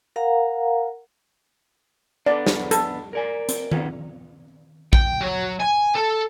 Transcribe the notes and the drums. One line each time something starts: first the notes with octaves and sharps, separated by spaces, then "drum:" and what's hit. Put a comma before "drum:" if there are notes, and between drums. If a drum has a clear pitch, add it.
A#4 F5 F#5 A#5
D3 B3 D4 D5
drum: snare
A4, drum: hi-hat
A#4 D5 G#5
C4, drum: hi-hat
D#3 B3 C#4, drum: tom D#3
G5, drum: kick A#1
F#3
G#5
A4